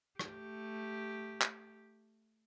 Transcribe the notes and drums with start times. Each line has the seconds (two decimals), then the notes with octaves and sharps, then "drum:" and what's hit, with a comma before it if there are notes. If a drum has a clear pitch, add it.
0.19 A3 G4, drum: rim click
1.42 drum: clap